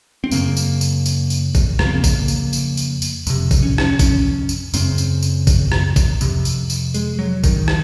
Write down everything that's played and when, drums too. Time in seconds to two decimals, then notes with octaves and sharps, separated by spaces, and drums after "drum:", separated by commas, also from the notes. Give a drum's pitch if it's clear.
0.24 C4
0.31 F#2 C#3 A#3, drum: tambourine
0.57 drum: tambourine
0.81 drum: tambourine
1.06 drum: tambourine
1.30 drum: tambourine
1.55 drum: kick, tambourine
1.79 F2 C#3 A#3, drum: rim click
1.87 C4
1.93 A#3
2.04 drum: kick, tambourine
2.28 drum: tambourine
2.53 drum: tambourine
2.77 drum: tambourine
3.02 drum: tambourine
3.27 F2 C3, drum: tambourine
3.51 drum: kick, tambourine
3.63 C#4
3.78 C#4, drum: rim click
3.99 C#4, drum: kick, tambourine
4.49 drum: tambourine
4.74 F#2 C#3 C4, drum: tambourine
4.98 drum: tambourine
5.23 drum: tambourine
5.47 drum: kick, tambourine
5.72 drum: rim click
5.96 drum: kick, tambourine
6.21 F2 C3, drum: tambourine
6.45 drum: tambourine
6.70 drum: tambourine
6.94 G#3, drum: tambourine
7.19 F#3
7.44 D#3, drum: kick, tambourine
7.68 drum: rim click